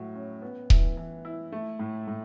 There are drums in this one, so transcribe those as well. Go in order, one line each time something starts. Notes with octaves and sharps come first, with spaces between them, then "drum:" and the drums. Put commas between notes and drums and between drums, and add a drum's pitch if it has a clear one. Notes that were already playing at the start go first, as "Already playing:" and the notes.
Already playing: A2 F#3 F#4
C#4
B3
E3, drum: kick D#1
E3
E4
A3
A2
A2